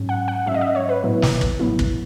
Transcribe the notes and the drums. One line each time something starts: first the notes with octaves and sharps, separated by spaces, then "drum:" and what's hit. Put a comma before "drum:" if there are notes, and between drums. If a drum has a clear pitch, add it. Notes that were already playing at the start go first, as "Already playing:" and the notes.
Already playing: G#2 F#3 C#4
F#5
F#5
G#2 F#3 C#4 E5
D#5
E5
C#5
B4
A2 F#3 B3 E4
drum: snare
drum: kick
A2 F#3 B3 E4
drum: kick